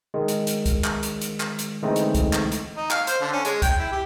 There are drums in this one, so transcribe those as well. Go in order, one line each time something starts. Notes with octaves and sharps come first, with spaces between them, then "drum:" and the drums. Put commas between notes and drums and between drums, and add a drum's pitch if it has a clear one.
D#3 G#3
drum: hi-hat
drum: hi-hat
drum: kick, hi-hat
drum: clap
drum: hi-hat
drum: hi-hat
drum: clap
drum: hi-hat
D3 E3 G#3 A3 C4 D#4
drum: hi-hat
drum: kick, hi-hat
drum: clap
drum: hi-hat
D#4
F5, drum: clap
C5, drum: hi-hat
D3
C#4
G#3, drum: hi-hat
G5, drum: kick, hi-hat
E4
G4